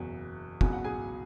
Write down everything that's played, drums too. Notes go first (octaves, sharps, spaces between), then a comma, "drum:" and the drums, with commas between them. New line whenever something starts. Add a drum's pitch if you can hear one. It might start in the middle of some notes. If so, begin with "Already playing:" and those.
Already playing: F#1 E2 B2 F#3 F#4
C#2 B2 F#3 G#5, drum: kick
F#5
G#4 G#5